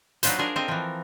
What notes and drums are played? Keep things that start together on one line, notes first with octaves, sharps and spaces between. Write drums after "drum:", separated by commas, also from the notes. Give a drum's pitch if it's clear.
F#3 D4 D#4 F4 B4 C5, drum: hi-hat
D4 F4 G#4 A#4
C4 A4 A#4 D#5
E3 F3